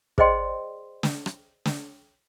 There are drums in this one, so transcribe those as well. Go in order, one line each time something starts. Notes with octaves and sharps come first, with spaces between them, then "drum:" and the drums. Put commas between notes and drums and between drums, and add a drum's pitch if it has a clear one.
G#4 C5 D5 D#5 G5 C6, drum: kick
drum: snare
drum: rim click
drum: snare